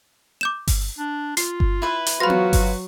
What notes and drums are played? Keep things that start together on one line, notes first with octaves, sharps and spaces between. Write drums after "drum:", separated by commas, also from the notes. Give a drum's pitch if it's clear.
D6 G6 E7
drum: kick G1, open hi-hat
D4
F4 C7, drum: hi-hat
drum: kick G1
E4 B4 E5
drum: hi-hat
F#3 F4 F#4 B4 C5 F5 B5 A#6
drum: tom B3
drum: kick G1, open hi-hat